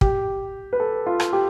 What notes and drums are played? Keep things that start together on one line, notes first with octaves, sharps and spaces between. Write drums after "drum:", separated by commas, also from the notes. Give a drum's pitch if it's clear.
G4, drum: kick
B4
A4
F4
drum: rim click
G4